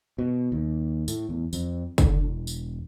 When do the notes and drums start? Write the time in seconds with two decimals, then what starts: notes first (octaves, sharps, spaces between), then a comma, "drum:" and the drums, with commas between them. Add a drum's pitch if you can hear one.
0.18 B2
0.52 D#2
1.08 A2, drum: tambourine
1.29 E2
1.53 F2, drum: tambourine
1.98 D3, drum: kick, tambourine
2.21 E1
2.47 drum: tambourine